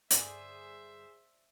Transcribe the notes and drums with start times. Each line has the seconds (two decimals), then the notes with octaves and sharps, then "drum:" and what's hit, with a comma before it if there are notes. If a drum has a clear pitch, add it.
0.11 G2 D3 G#4 C5 D5 E5, drum: hi-hat